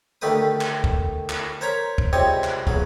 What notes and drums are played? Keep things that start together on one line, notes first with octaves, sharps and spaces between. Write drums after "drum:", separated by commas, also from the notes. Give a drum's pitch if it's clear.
D2 D#3 A3 G4 B4 D#6
drum: clap
drum: kick
drum: clap
A#4 C5 C#5 A#5 B5
drum: kick
C#2 C3 G3 C4 C#5 D#5
drum: clap
E2 C#3 F#3, drum: kick